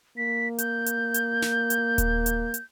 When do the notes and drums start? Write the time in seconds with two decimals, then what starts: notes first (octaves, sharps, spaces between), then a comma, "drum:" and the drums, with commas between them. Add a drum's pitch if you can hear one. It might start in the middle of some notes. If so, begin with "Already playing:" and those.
0.17 A#3 B6
0.58 G6, drum: hi-hat
0.86 drum: hi-hat
1.14 drum: hi-hat
1.42 drum: snare
1.70 drum: hi-hat
1.98 drum: kick D#1, hi-hat
2.26 drum: hi-hat
2.54 drum: hi-hat